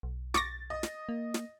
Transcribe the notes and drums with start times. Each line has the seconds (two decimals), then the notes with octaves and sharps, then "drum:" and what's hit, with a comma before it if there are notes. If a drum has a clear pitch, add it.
0.03 B1
0.34 C#6 D6 A6 A#6, drum: snare
0.70 D#5
0.83 drum: snare
1.09 A#3
1.34 drum: snare